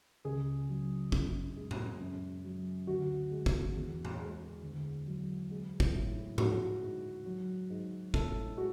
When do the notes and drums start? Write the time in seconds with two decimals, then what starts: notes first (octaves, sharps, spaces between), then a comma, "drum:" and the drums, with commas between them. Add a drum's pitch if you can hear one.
0.25 C#2 G#4
0.69 F#3
1.12 F#2, drum: kick
1.56 G#3
1.71 drum: tom A2
2.00 F#2
2.44 F#3
2.87 D2 F#4
3.31 G#3
3.46 drum: kick
3.75 E2
4.05 drum: tom A2
4.19 G#3
4.63 D2
5.07 F#3
5.51 G#3
5.80 drum: kick
5.95 A2
6.38 G#3 F#4, drum: tom G#2
6.82 G#2
7.26 F#3
7.70 G#2
8.14 A2 A4, drum: kick
8.57 G#3 F#4